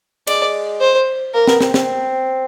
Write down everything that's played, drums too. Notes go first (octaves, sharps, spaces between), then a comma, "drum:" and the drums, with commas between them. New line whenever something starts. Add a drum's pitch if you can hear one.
G#3 D5, drum: cymbal
C5
A#3 A#4
B3, drum: snare
C4, drum: snare
C4, drum: snare